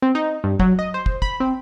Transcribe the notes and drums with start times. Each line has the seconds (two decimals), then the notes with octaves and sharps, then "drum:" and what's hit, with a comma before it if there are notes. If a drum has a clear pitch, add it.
0.02 C4
0.15 D#4
0.44 G2
0.60 F#3, drum: kick
0.79 D#5
0.94 C5
1.06 drum: kick
1.22 B5, drum: kick
1.40 C4